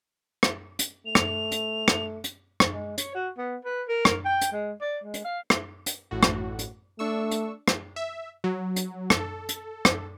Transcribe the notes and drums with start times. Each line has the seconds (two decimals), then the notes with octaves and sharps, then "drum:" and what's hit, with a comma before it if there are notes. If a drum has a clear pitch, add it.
0.43 drum: rim click
0.79 drum: hi-hat
1.06 A3 F7
1.15 drum: rim click
1.52 drum: hi-hat
1.88 drum: rim click
2.24 drum: hi-hat
2.60 drum: rim click
2.72 G#3
2.98 C#5, drum: hi-hat
3.15 F#4
3.37 B3
3.65 B4
3.88 A#4
4.05 drum: rim click
4.25 G5
4.41 drum: hi-hat
4.52 G#3
4.81 D5
5.04 G#3
5.14 drum: hi-hat
5.25 F5
5.50 drum: rim click
5.86 drum: hi-hat
6.11 A1 A2 F#4
6.23 drum: rim click
6.59 drum: hi-hat
6.99 A3 D4 C#6 E6
7.31 drum: hi-hat
7.68 drum: rim click
7.96 E5
8.44 F#3
8.76 drum: hi-hat
9.10 A4, drum: rim click
9.49 drum: hi-hat
9.85 drum: rim click